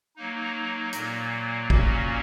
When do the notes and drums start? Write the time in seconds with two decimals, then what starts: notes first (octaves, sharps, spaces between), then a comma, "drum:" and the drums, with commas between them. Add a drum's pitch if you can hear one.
0.16 F#3 A#3 D#4
0.93 A#2 F#3 A#3, drum: hi-hat
1.70 A#2 F#3 A#3 C#4 F#4, drum: kick